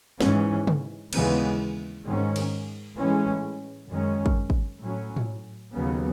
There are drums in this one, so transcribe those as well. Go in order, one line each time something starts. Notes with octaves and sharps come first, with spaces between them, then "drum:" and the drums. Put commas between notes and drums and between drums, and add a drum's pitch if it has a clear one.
G#2 E3 G#3 C#4, drum: snare
drum: tom
D#2 C#3 E3 G#3 B3, drum: cymbal
G#2 D#3 G#3 C#4
drum: cymbal
A2 E3 G#3 C#4
F#2 D#3 G#3 C#4
drum: kick
drum: kick
A2 F#3 C#4
drum: tom
D#2 C#3 F#3 B3